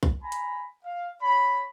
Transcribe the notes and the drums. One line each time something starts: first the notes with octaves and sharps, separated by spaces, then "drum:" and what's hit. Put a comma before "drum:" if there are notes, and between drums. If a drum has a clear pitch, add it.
drum: kick B1
G#5 A#5 B5
drum: hi-hat
F5
C#5 B5